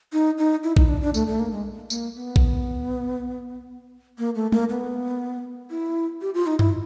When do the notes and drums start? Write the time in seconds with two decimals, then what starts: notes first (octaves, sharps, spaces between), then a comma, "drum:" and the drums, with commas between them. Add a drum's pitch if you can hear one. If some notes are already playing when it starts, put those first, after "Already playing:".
0.13 D#4
0.38 D#4
0.64 E4
0.77 D#4, drum: kick A#1
0.89 D4
1.01 D4
1.14 A3, drum: tambourine
1.28 A3
1.39 A#3
1.52 G#3
1.90 A#3, drum: tambourine
2.16 B3
2.36 drum: kick A#1
4.18 A#3
4.35 A3
4.52 A#3, drum: tom G#3
4.69 B3
5.70 E4
6.21 G4
6.34 F4
6.46 D#4
6.59 E4, drum: tom F#2